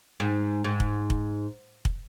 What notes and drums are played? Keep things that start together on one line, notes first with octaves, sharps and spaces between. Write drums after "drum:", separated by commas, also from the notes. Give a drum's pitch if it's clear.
G#2
G#2
drum: kick
drum: kick
drum: kick